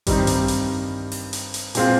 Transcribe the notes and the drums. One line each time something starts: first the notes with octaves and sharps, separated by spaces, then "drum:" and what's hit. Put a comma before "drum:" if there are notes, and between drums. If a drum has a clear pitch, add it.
G2 D#3 G3 C4 D#4, drum: kick A1, hi-hat
drum: hi-hat
drum: hi-hat
drum: open hi-hat
drum: hi-hat
drum: hi-hat
A#2 G#3 C4 F4, drum: hi-hat